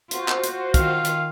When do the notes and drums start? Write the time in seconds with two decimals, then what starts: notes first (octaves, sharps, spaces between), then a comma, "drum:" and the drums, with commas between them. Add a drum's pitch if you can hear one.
0.11 F4 F#4 C5, drum: hi-hat
0.28 drum: clap
0.44 drum: hi-hat
0.74 D#3 F4 F5, drum: kick, hi-hat
1.05 drum: hi-hat